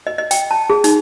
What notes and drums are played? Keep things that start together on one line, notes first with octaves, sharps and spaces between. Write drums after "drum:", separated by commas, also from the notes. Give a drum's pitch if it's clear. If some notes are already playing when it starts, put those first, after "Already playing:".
D#5
D#5
G5, drum: hi-hat
A5
G#4
D#4, drum: hi-hat